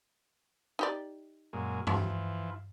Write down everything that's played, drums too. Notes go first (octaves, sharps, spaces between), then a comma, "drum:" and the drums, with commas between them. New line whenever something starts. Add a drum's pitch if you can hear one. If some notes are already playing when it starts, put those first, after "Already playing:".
D#4 G4 D5
F#2 A#2 G#3
E3 F3, drum: tom G2